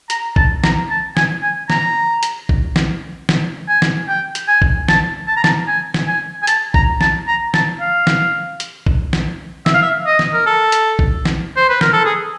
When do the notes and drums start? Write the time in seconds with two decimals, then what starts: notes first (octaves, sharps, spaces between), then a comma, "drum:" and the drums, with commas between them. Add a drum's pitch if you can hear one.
0.10 A#5, drum: hi-hat
0.36 A5, drum: kick
0.64 A#5, drum: snare
0.90 A5
1.17 G#5, drum: snare
1.42 G#5
1.70 A#5, drum: snare
2.23 drum: hi-hat
2.49 drum: kick
2.76 drum: snare
3.29 drum: snare
3.69 G#5
3.82 drum: snare
4.09 G5
4.35 drum: hi-hat
4.48 G#5
4.62 drum: kick
4.88 A5, drum: snare
5.27 A5
5.37 A#5
5.44 A5, drum: snare
5.68 G#5
5.94 drum: snare
6.08 G#5
6.43 G#5
6.47 A5, drum: hi-hat
6.74 A#5, drum: kick
7.01 A5, drum: snare
7.28 A#5
7.54 A5, drum: snare
7.80 F5
8.07 drum: snare
8.60 drum: hi-hat
8.86 drum: kick
9.13 drum: snare
9.66 E5, drum: snare
9.74 F5
9.82 E5
10.06 D#5
10.19 drum: snare
10.33 A#4
10.46 A4
10.72 drum: hi-hat
10.99 drum: kick
11.25 drum: snare
11.57 C5
11.69 B4
11.81 A#4, drum: snare
11.93 A4
12.05 G#4